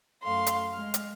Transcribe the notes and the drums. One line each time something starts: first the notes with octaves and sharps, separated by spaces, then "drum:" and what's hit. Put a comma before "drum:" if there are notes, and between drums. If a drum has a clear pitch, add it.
F#2 A3 F5 C6
drum: hi-hat
G#3 F6
drum: hi-hat